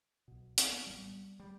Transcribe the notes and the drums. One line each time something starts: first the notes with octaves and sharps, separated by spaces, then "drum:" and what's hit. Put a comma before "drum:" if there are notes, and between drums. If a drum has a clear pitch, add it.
B1 B2
C4, drum: hi-hat
B3
A1 A2 G3
G3